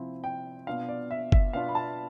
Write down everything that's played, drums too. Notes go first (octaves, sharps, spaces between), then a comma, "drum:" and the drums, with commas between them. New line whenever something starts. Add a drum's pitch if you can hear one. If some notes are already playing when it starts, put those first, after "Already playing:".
Already playing: C3 F3 C4 E4
G5
B2 B3 D4 F4 F5
D5
E5
E5, drum: kick F#1
B2 B3 D4 F4 F5
B5
A5